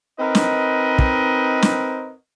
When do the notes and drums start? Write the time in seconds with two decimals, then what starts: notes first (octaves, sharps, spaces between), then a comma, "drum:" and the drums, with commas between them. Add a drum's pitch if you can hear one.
0.19 C4 D#4 A#4 B4 D#5
0.35 drum: snare
0.99 drum: kick
1.62 drum: snare